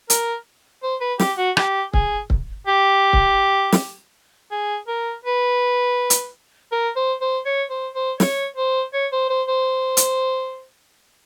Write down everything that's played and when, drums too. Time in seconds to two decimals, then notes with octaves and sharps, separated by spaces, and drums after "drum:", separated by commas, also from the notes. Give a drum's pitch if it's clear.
0.10 A#4, drum: hi-hat
0.83 C5
1.01 B4
1.19 G4, drum: snare
1.38 F#4
1.57 G4, drum: rim click
1.94 G#4, drum: kick C#1
2.30 drum: kick C#1
2.67 G4
3.13 drum: kick C#1
3.72 drum: snare
4.51 G#4
4.88 A#4
5.25 B4
6.10 drum: hi-hat
6.72 A#4
6.96 C5
7.22 C5
7.46 C#5
7.71 C5
7.95 C5
8.20 C#5, drum: snare
8.57 C5
8.94 C#5
9.12 C5
9.30 C5
9.48 C5
9.97 drum: hi-hat